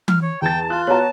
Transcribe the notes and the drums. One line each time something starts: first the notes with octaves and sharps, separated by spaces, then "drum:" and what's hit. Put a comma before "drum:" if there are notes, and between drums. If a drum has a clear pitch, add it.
F6, drum: tom E3
C#5
E2 G5 A5 A6
F4 F#6
B3 F#4 C#5 A5 A#5